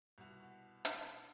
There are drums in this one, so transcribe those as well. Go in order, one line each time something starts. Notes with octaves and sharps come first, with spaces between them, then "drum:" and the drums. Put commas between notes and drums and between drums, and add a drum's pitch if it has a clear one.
C2 B2 F#4 F7
drum: hi-hat